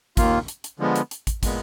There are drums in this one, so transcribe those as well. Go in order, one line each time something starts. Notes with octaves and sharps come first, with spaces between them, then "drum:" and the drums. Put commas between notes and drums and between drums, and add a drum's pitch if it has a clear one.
D#2 D#3 A#3 F4, drum: kick, hi-hat
drum: hi-hat
drum: hi-hat
D3 F3 G#3 B3
drum: hi-hat
drum: hi-hat
drum: kick, hi-hat
A#2 G#3 B3, drum: kick, hi-hat